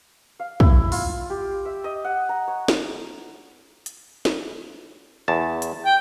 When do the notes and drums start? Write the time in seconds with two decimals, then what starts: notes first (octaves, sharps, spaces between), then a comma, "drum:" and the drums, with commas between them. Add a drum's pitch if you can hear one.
0.40 F5
0.60 E4, drum: kick
0.92 F4, drum: open hi-hat
1.30 G4
1.65 E5
1.84 D#5
2.05 F#5
2.29 A#5
2.48 C#5
2.68 drum: snare
3.86 drum: hi-hat
4.25 drum: snare
5.28 E2 A5
5.62 drum: hi-hat
5.85 G5